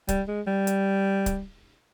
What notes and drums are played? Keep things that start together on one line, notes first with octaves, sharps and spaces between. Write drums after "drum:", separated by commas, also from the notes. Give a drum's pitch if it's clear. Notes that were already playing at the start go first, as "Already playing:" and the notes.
G3, drum: kick C#1, hi-hat
G#3
G3
drum: hi-hat
drum: kick C#1, hi-hat